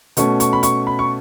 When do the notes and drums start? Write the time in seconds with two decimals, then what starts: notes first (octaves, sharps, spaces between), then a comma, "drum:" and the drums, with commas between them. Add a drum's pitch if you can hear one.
0.17 B2 A3 C#4 C#6, drum: hi-hat
0.40 C#6, drum: hi-hat
0.53 B5
0.63 C#6, drum: hi-hat
0.87 B5
0.99 C#6